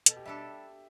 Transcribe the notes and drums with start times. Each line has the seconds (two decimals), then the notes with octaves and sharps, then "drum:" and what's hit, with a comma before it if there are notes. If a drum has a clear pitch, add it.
0.06 B2 A4, drum: hi-hat
0.17 G4
0.25 G3 D4 A4 E5